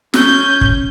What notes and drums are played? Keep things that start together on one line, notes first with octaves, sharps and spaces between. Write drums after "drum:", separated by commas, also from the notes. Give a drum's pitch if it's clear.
C#4 G6, drum: snare
drum: kick